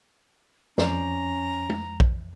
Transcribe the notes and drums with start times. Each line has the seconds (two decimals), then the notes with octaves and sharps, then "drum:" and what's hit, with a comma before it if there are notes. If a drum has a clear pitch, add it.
0.78 F2 C#4 C5 D5 A#5, drum: snare
1.69 drum: tom G#3
2.00 drum: kick A#1